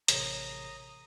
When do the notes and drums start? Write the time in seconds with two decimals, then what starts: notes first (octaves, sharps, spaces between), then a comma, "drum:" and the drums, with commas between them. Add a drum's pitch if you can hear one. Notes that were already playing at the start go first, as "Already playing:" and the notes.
0.08 A1 C3 G#4 A#4 C#5 A#5 D#6, drum: hi-hat